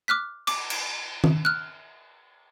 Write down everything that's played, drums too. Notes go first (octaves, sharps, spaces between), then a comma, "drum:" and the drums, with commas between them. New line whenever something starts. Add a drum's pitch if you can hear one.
D6 F6 F#6 B6
D6, drum: cymbal
drum: cymbal
drum: tom D#3
F6 F#6